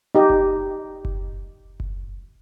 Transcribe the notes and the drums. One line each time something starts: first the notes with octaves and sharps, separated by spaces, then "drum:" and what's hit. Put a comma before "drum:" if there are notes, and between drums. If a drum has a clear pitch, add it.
D#4 G4 D#5
drum: kick F#1
drum: kick F#1
drum: kick F#1